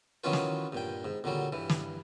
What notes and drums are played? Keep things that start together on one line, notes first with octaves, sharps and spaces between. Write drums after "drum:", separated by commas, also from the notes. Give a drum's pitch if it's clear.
D#3 E3 F#3 C#4 F4 B4
drum: snare
G2 A#2 G5
G#2
A#2 D3 F#3 G3
G2 E3
drum: snare